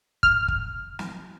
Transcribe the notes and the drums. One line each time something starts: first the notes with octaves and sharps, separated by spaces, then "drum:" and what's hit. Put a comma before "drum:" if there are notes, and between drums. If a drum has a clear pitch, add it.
F6, drum: kick
drum: kick
drum: snare